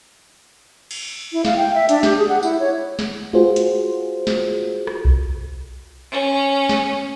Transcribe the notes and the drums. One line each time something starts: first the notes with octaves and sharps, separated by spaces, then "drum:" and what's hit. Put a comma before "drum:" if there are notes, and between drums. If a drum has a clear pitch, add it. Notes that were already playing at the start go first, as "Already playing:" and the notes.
drum: cymbal
E4
F5, drum: snare
G5
E5
D4, drum: hi-hat
G4, drum: snare
G#4
F#5
E4, drum: tambourine
C#5
drum: snare
F4 F#4 G#4 C5, drum: tom G#3
drum: hi-hat
drum: snare
drum: rim click
drum: kick B1
C#4
drum: snare